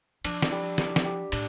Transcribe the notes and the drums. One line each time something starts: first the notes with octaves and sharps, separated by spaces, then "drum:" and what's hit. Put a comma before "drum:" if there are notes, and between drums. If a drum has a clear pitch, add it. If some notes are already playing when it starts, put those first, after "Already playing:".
F3 D4, drum: cymbal
drum: snare
G3
G4, drum: snare
drum: snare
G4
A2 D4, drum: cymbal